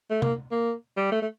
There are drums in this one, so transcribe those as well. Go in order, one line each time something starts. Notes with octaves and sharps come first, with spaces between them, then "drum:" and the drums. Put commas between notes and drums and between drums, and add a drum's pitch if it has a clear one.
A3
A#3, drum: tom C3
A#3
G3
A3
A3